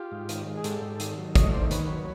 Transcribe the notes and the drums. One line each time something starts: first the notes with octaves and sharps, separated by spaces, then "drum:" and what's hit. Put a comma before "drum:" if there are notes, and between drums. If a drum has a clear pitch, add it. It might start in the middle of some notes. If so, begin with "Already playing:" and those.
Already playing: F4 G4
G#2
D#3, drum: hi-hat
G#3
G#4
G#2 G4 A4, drum: hi-hat
G#2
D#3, drum: hi-hat
F#3
A3 C#5 D#5, drum: kick A1, hi-hat
D#2 C5 D5
D#3 B4 C#5, drum: hi-hat
F#3